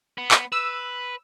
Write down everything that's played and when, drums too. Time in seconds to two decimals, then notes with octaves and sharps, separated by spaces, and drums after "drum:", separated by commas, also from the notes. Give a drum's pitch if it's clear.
0.18 B3
0.31 drum: clap
0.52 B4 E6